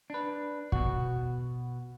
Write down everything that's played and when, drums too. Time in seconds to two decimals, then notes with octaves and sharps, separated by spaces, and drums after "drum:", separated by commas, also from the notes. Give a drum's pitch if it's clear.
0.10 D4 B4
0.72 B2 F#4, drum: kick